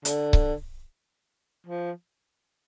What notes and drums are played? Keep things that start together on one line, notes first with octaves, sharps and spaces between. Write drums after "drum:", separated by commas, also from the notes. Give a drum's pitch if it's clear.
D3, drum: hi-hat
drum: kick C#1
F3